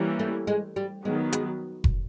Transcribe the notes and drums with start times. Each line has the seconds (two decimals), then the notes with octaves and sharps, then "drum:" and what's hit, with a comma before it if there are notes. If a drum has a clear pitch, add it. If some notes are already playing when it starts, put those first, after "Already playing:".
Already playing: E3 G3 A#3 C#4 E4
0.19 A3
0.47 G#3
0.76 G3
1.05 D#3 F#3 G#3 B3
1.33 G#3, drum: hi-hat
1.84 drum: kick F1